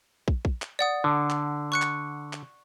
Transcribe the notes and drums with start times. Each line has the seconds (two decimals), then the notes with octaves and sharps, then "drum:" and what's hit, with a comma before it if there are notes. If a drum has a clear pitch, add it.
0.28 drum: kick
0.45 drum: kick
0.62 drum: clap
0.79 D5 F#5 D#6
1.04 D3
1.30 drum: clap
1.72 C#6 F#6 C#7
1.82 drum: clap
2.33 drum: clap